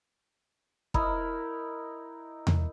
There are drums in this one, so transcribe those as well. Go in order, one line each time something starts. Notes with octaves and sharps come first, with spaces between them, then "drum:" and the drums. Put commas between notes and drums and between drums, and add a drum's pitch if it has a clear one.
D#4 E4 A#4, drum: kick
drum: tom E2